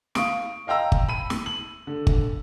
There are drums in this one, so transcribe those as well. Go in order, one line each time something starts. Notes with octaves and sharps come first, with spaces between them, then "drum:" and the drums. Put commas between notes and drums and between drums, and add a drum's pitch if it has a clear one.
F5 C#6 D#6 D7, drum: snare
D#5 F5 G5 A#5 E6
drum: kick G1
B5 D#7
drum: snare
F#7
D3
drum: kick G1